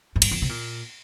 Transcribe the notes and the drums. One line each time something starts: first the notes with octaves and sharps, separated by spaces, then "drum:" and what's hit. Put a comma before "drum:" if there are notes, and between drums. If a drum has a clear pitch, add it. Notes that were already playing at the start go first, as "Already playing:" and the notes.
G#2
G2, drum: cymbal
F2
C3
A#2